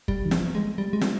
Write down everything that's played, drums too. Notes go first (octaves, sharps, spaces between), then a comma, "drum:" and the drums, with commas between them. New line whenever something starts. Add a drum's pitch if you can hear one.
G3, drum: kick
D#3
F3, drum: snare
G#3
G3
G#3
G3, drum: snare